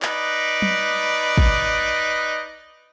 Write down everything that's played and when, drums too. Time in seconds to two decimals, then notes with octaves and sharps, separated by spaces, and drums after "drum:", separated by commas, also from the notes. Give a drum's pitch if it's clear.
0.02 D#4 B4 D5, drum: clap
0.62 drum: tom
1.38 drum: kick